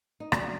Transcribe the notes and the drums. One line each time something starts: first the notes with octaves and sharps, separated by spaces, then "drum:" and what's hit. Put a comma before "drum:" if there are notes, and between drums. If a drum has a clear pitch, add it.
D#4
F#2 D4, drum: rim click